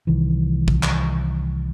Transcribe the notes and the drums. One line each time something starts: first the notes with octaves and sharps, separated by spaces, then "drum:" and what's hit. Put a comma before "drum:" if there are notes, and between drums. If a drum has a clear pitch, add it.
C2 D#3 E3
drum: kick
drum: clap